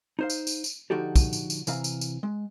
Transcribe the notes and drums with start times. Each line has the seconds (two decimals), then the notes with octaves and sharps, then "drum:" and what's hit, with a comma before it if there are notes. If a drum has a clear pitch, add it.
0.19 D#4 C5 F5
0.30 drum: tambourine
0.47 drum: tambourine
0.64 drum: tambourine
0.90 D3 F3 D#4 F#4 G4 A4
1.16 drum: kick, tambourine
1.33 drum: tambourine
1.50 drum: tambourine
1.67 C3 E3 F5 A#5, drum: tambourine
1.84 drum: tambourine
2.01 drum: tambourine
2.23 G#3